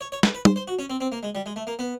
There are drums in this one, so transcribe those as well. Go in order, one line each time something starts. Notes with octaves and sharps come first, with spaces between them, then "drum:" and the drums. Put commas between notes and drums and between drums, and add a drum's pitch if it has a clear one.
C#5
C#5
B4, drum: snare
B4
C5, drum: tom
C5
F#4
C#4
C4
C4
A#3
G#3
G3
G#3
A3
A#3
B3